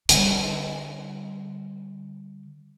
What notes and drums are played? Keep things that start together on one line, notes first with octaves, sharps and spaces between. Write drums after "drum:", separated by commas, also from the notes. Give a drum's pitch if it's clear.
D3 G3, drum: hi-hat